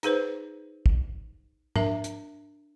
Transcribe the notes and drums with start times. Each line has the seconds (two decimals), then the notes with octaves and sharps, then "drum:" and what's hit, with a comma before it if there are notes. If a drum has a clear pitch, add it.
0.03 D#4 G#4 B4 C5, drum: hi-hat
0.86 drum: kick
1.76 D4 A#4 E5 A#5, drum: tom G#2
2.04 drum: hi-hat